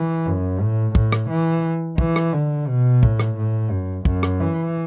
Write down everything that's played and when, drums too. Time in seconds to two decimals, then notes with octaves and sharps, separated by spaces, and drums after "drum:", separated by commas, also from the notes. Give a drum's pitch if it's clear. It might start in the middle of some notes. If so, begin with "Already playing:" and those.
Already playing: E3
0.26 F#2
0.61 A2
0.95 A2, drum: kick
1.12 drum: rim click
1.29 E3
1.98 E3, drum: kick
2.16 drum: rim click
2.33 D3
2.68 B2
3.03 A2, drum: kick
3.20 drum: rim click
3.37 A2
3.71 F#2
4.05 F#2, drum: kick
4.23 drum: rim click
4.40 E3